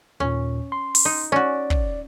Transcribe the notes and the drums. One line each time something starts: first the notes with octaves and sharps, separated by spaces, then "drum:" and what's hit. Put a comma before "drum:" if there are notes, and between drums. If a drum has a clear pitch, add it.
D#2 A#2 C#4
C6
drum: open hi-hat
D#4
C#4 F#4 D5
drum: kick